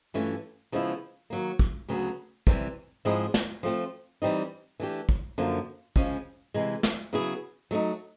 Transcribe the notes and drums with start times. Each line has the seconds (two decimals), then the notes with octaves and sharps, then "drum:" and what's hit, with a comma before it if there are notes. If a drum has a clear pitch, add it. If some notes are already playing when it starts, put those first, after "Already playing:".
0.14 G2 E3 A3 C#4 F4
0.72 C#3 F3 G#3 B3 E4
1.30 D#3 F#3 A#3
1.59 drum: kick
1.89 D2 C#3 F#3 B3
2.47 C3 E3 G3, drum: kick
3.05 G#2 F3 G#3 C4 E4
3.34 drum: snare
3.63 F3 A3 C4 F4
4.22 E3 G3 C4 D#4
4.80 E3 A3 D4 G4
5.09 drum: kick
5.38 F#2 D3 F3 A#3
5.96 C#3 F3 G#3 C#4, drum: kick
6.54 C3 E3 G#3
6.83 drum: snare
7.13 C#3 F#3 B3 E4 G#4
7.71 F#3 A3 C4 D#4